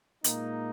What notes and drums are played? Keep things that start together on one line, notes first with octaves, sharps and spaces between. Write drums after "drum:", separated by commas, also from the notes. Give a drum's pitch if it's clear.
A#2 G#3 A#3 D#4, drum: hi-hat